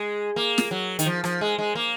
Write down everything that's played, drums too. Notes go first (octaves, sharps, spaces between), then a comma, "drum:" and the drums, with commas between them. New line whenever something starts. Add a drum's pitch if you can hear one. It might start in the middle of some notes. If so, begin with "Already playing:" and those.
Already playing: G#3
A#3
drum: snare
F#3
D#3, drum: hi-hat
F3
F3, drum: rim click
G#3
G#3
A#3